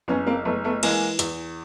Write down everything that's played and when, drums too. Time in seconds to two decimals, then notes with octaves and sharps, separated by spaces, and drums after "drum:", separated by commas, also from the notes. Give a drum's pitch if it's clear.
0.08 F#1 B3 C#4
0.27 A#3 C4
0.45 F#1 A3 B3
0.64 A3 B3
0.83 E3 G#3 A#3, drum: cymbal
1.19 E2, drum: hi-hat